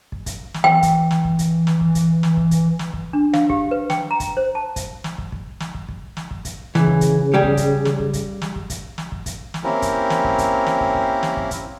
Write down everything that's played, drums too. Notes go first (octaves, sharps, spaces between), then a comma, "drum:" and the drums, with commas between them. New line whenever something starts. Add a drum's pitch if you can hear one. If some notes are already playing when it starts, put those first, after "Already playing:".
drum: kick
drum: kick, hi-hat
drum: snare
E3 G5
drum: kick, hi-hat
drum: snare
drum: kick
drum: kick, hi-hat
drum: snare
drum: kick
drum: kick, hi-hat
drum: snare
drum: kick
drum: kick, hi-hat
drum: snare
drum: kick
D4
F5, drum: snare
G4, drum: kick
B4
G5, drum: snare
A#5
drum: kick, hi-hat
C5
A5
drum: kick, hi-hat
drum: snare
drum: kick
drum: kick
drum: snare
drum: kick
drum: kick
drum: snare
drum: kick
drum: kick, hi-hat
C#3 E3, drum: snare
drum: kick
drum: kick, hi-hat
G3 G4 G#4
drum: kick
drum: kick, hi-hat
drum: snare
drum: kick
drum: kick, hi-hat
drum: snare
drum: kick
drum: kick, hi-hat
drum: snare
drum: kick
drum: kick, hi-hat
drum: snare
A#3 C4 C#4 E4 G4 A#4
drum: kick, hi-hat
drum: snare
drum: kick
drum: kick, hi-hat
drum: snare
drum: kick
drum: kick
drum: snare
drum: kick
drum: kick, hi-hat